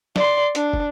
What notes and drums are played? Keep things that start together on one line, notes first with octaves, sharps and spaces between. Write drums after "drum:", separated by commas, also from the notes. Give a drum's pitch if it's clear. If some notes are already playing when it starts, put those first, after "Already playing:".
D5 C6, drum: snare
D4, drum: hi-hat
drum: kick